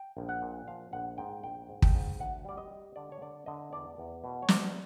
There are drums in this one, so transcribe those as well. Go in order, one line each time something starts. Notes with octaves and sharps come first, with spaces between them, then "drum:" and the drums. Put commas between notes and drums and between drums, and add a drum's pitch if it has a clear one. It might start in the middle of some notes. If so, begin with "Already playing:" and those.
Already playing: G5
A#1
F#5
A#2
F3 F5
A#1 F#5
G#2 G5
A#1 G5
G#2
G5, drum: kick
G#2
D2 F#5
G3 D5
D#5
G3
D3 D5
C#5
D3 D5
D3 D#5
E2 D5
E2
B2
C#5
B2 D5, drum: snare